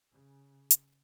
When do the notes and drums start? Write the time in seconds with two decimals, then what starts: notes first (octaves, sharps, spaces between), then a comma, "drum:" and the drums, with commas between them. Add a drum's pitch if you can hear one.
0.11 C#3
0.71 drum: hi-hat